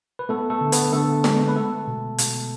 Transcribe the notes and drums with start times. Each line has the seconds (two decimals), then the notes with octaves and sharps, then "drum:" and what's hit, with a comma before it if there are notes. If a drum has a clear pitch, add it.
0.19 B4
0.29 A3 B3 A4
0.50 A3 A4
0.61 D3
0.72 B3 B4, drum: hi-hat
0.92 D3 A3 A4
1.24 G#3, drum: snare
1.48 B4
1.56 A3 A4
1.87 B2
2.18 B2, drum: hi-hat